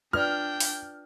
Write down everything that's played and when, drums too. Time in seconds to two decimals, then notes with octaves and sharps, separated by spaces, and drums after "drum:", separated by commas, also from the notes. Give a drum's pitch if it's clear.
0.13 D4 F4 B4 D5 G5 F6
0.60 drum: open hi-hat